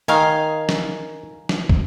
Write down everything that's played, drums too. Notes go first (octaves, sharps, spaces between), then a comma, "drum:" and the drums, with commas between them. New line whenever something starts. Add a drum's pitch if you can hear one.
D#3 D#4 F5 G#5
drum: snare
drum: snare
drum: kick